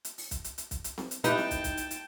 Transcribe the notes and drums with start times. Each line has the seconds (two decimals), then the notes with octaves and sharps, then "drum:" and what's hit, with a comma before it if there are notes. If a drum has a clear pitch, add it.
0.05 drum: hi-hat
0.18 drum: open hi-hat
0.31 drum: kick, hi-hat
0.44 drum: hi-hat
0.58 drum: hi-hat
0.71 drum: kick, hi-hat
0.84 drum: hi-hat
0.98 drum: snare C4
1.11 drum: hi-hat
1.24 D#4 E4 G4 B4 G5 A5, drum: hi-hat
1.37 drum: snare C4
1.51 drum: kick, hi-hat
1.64 drum: kick, hi-hat
1.77 drum: hi-hat
1.91 drum: hi-hat